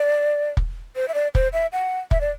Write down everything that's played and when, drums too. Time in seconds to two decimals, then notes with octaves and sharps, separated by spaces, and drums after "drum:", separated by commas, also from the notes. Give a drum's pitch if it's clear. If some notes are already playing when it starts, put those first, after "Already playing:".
Already playing: D5
0.57 drum: kick
0.96 C5
1.08 E5
1.14 D5
1.35 C5, drum: kick
1.53 E5
1.72 F#5
2.11 E5, drum: kick
2.21 D5